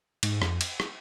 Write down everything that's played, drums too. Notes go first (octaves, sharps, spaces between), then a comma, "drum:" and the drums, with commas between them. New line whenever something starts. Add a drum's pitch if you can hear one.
G#2, drum: cymbal
F2, drum: rim click
drum: cymbal
drum: rim click